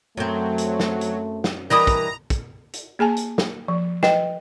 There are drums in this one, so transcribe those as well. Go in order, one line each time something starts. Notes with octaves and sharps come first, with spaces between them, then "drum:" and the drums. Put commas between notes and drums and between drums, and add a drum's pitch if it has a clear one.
F#2 F#3 A3 C4
drum: hi-hat
drum: snare
drum: hi-hat
drum: snare
E3 G3 D4 A#4 D#5 A#5 B5 D#6
drum: kick, hi-hat
drum: kick, hi-hat
drum: hi-hat
A#3 G#4 G#5 A5
drum: hi-hat
drum: snare
F3
B4 D#5 G5, drum: snare